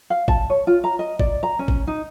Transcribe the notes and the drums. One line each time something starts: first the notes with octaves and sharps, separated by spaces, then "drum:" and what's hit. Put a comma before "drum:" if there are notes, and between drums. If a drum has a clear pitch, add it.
F5
A5, drum: kick
C#5
F4
A#5
D#5
D5, drum: kick
A#5
C#4
drum: kick
D#4